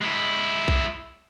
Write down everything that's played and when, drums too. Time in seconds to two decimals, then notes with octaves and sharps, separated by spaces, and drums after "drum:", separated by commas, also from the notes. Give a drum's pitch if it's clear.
0.02 G#3 E4
0.68 drum: kick B1